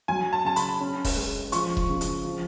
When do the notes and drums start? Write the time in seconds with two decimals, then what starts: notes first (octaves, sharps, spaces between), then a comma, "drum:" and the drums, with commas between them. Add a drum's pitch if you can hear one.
0.08 F#3 G#5
0.33 A5
0.44 C#3 A5
0.56 B5, drum: hi-hat
0.81 C#4
1.05 drum: kick E1, open hi-hat
1.16 G#3
1.52 F3 C#6, drum: hi-hat
1.77 drum: kick E1
1.89 C#3
2.01 drum: hi-hat
2.25 F3